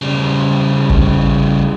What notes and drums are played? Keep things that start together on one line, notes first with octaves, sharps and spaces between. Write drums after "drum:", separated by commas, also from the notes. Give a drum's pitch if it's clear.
C#3 G3
drum: kick